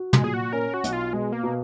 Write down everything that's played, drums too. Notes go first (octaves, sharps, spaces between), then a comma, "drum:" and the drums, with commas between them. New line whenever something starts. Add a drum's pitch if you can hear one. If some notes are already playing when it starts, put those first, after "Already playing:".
Already playing: F#4
G#3, drum: tom
A#2 G#4
F#4
C#4 A#4
F#4
B1, drum: hi-hat
F4
B2 G#3
A#3
B2